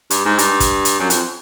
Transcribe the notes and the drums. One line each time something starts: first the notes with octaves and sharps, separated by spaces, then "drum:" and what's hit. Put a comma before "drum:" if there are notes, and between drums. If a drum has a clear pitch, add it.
G2, drum: hi-hat
G#2
G2, drum: hi-hat
drum: kick, hi-hat
drum: hi-hat
F#2
F2, drum: hi-hat